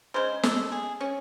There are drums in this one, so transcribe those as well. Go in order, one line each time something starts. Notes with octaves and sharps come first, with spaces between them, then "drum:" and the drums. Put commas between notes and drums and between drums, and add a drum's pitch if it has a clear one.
C#3 G#3 C5
A4, drum: snare
G#4
C#4